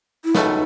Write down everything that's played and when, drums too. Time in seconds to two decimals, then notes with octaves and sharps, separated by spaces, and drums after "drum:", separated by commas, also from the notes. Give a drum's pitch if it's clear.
0.24 E4
0.35 C#2 B2 A3 D#4, drum: snare